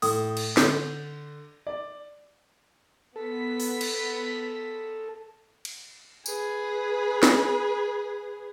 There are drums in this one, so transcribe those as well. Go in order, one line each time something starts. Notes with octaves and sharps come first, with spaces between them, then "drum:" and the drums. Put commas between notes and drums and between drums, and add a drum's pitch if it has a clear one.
A2 D#6, drum: open hi-hat
drum: cymbal
D3 G6, drum: snare
D5
B3 A4 B6
drum: open hi-hat
drum: cymbal
drum: cymbal
G#4 B4, drum: tambourine
drum: snare